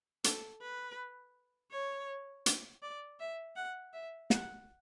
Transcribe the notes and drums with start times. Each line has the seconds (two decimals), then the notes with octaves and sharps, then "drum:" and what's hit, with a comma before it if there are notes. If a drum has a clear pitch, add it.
0.24 A4, drum: hi-hat
0.61 B4
1.71 C#5
2.46 drum: hi-hat
2.82 D5
3.20 E5
3.56 F#5
3.93 E5
4.30 F#5, drum: snare